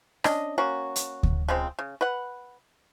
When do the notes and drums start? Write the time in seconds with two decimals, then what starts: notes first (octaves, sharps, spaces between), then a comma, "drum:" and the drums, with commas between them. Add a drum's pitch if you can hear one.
0.24 C#4 D4 D#5, drum: rim click
0.58 A#3 C#4 F#4
0.96 drum: hi-hat
1.23 drum: kick D2
1.48 C#3 F3 G#3 C4
1.79 C#3
2.01 B4 F#5